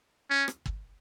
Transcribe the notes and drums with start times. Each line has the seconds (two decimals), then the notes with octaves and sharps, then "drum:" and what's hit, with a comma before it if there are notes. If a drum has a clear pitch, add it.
0.30 C#4
0.48 drum: rim click
0.66 drum: kick